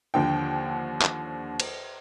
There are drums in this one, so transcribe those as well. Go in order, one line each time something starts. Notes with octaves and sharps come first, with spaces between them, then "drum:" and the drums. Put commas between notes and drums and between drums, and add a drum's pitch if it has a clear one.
D#2 D3 F3 G5
drum: clap
drum: cymbal